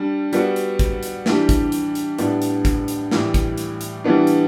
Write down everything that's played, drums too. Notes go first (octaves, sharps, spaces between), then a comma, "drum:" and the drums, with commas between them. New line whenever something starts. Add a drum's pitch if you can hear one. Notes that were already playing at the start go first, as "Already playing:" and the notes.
Already playing: G3 D4
G3 B3 F#4, drum: hi-hat
drum: hi-hat
drum: kick, hi-hat
drum: hi-hat
E3 G3 D4 G4, drum: snare
drum: kick, hi-hat
drum: hi-hat
drum: hi-hat
A2 G3 B3 D4, drum: hi-hat
drum: hi-hat
drum: kick, hi-hat
drum: hi-hat
A2 E3 G3, drum: snare
drum: kick, hi-hat
drum: hi-hat
drum: hi-hat
E3 G3 B3 D4
drum: hi-hat